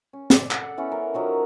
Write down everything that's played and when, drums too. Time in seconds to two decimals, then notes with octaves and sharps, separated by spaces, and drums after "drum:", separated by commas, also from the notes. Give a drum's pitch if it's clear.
0.13 C#4
0.30 D5, drum: snare
0.51 A4 F#5, drum: clap
0.78 E3 B3 C#4
0.92 A#4
1.14 D#3 F3 F#3